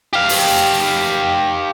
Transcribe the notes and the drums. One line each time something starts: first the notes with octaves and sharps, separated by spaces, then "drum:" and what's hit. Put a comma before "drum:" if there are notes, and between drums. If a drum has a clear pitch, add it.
G4 F5
drum: open hi-hat